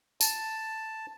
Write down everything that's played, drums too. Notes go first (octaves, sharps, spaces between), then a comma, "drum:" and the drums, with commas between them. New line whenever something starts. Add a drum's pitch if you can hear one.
A5, drum: tambourine